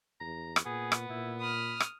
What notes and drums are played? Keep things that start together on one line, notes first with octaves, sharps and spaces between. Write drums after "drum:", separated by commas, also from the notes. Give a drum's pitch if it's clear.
E2 A#5
drum: rim click
A#2 B3 G#4
drum: rim click
A#2 E4
B5 D#6 F6
drum: rim click